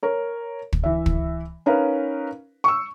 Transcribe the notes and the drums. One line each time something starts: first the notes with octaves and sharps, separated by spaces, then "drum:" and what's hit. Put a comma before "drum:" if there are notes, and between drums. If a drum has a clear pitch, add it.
A#4 C#5
drum: kick
E3 E5
drum: kick
C#4 D#4 A#4 B4 F5
C#6 E6